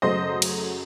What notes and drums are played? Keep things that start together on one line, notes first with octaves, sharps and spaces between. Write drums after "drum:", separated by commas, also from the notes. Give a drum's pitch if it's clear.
F#2 C#3 F#3 A3 C5 D#5
drum: cymbal